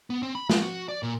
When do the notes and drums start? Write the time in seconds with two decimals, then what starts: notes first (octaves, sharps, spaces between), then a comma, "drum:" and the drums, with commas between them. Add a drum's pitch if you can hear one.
0.10 B3
0.23 C4
0.35 B5
0.50 G#3, drum: snare
0.62 F#4
0.88 D5
1.03 A#2